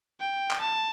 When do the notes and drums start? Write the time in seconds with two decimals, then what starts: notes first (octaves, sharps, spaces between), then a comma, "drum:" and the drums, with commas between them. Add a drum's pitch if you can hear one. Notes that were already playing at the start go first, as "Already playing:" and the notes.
0.20 G5
0.51 drum: clap
0.61 A5